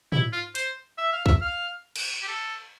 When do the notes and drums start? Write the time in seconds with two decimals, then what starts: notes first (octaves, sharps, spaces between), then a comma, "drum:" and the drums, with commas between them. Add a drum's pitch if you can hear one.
0.12 E4, drum: tom
0.33 F4
0.55 C5, drum: hi-hat
0.98 E5
1.13 F5
1.26 E5, drum: kick
1.42 F5
1.96 drum: cymbal
2.22 G4
2.28 A4